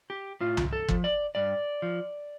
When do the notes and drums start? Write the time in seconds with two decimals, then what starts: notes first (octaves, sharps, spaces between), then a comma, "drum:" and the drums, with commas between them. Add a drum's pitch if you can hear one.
0.10 G4
0.41 A2 F4
0.57 drum: tom C2
0.73 A4
0.88 F3, drum: kick
1.04 D5
1.35 G2 D5
1.82 F3